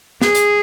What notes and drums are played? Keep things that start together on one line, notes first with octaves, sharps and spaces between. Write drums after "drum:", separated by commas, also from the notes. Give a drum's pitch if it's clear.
G#4, drum: snare
drum: hi-hat